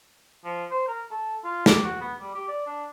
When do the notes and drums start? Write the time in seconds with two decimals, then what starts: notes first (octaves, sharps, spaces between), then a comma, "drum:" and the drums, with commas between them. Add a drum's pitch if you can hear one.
0.45 F3
0.71 C5
0.88 A#4
1.11 A4
1.44 F4
1.66 G4, drum: snare
1.84 F#4
2.01 B3
2.21 G3
2.34 G4
2.48 D5
2.66 D4